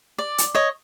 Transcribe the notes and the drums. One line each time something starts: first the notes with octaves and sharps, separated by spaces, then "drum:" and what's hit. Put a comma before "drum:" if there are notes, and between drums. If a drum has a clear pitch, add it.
D5
drum: hi-hat
C#5 D#5